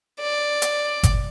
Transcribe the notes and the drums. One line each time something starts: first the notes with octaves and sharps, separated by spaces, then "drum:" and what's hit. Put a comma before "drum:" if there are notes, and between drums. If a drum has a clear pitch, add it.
D5
drum: hi-hat
drum: kick G1, hi-hat